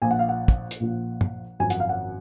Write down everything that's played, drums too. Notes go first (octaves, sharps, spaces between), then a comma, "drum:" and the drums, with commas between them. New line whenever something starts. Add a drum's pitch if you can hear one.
A#1 A#2 F3 G#5
F#5
F5
F#5
drum: kick
drum: hi-hat
A#1 A#2 F3
drum: tom
G#1 F#2 F3 G#5
F#5, drum: hi-hat
F5
F#5